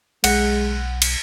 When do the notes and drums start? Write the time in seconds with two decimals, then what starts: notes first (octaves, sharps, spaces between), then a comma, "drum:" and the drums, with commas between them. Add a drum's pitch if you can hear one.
0.24 B1 G#3 F#5, drum: cymbal
1.02 drum: cymbal